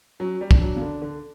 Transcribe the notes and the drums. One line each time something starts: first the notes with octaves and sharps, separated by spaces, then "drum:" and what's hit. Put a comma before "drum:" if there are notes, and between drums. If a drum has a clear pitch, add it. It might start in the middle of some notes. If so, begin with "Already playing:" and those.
F#3 C#4
G3
D4, drum: kick
F#3
C#3
D3
D3